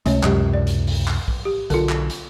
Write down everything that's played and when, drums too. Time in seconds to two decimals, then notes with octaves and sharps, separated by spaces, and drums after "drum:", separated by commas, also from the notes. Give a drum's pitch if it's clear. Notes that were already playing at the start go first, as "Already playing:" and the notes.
0.06 C#2 C3 G#3 A3 C#4 C#5, drum: hi-hat
0.23 C#2 F#2 C3 F#3 G#3 G4, drum: clap
0.54 D5
0.67 drum: hi-hat
0.87 drum: open hi-hat
1.08 drum: clap
1.28 drum: kick B1
1.45 G4
1.70 B1 D3 F4 A4 A#4, drum: hi-hat
1.89 drum: clap
2.10 drum: hi-hat